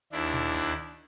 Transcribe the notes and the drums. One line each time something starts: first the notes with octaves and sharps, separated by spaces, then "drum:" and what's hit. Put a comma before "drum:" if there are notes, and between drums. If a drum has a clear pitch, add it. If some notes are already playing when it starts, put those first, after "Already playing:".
D#2 D4 E4
drum: tom A#2
drum: kick D2